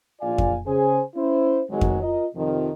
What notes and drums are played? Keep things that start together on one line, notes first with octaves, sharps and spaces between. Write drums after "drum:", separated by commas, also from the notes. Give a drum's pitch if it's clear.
A#1 A#2 F4 D5 F5 G#5
drum: kick F2
C#3 G#4 C5 G#5
C#4 E4 C5
G#1 E2 F#3 G#3
drum: kick F2
F4 A#4 D#5
F2 C3 D#3 F3